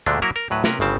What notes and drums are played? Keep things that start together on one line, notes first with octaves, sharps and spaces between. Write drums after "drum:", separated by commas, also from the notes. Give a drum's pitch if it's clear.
D2 A#2 D3 G#3 A3 D4
F#3 A#3 E4 F#4 A#4
A#4
D2 A2 F#3 B4
C3 C#4 A#4 B4, drum: snare
G1 G2 C#3 C4 A5